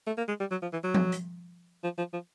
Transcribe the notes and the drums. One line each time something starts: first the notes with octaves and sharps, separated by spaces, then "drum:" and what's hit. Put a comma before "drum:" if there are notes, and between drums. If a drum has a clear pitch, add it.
A3
A#3
G#3
G3
F#3
F3
E3
F#3
drum: tom F3
drum: hi-hat
F3
F3
F3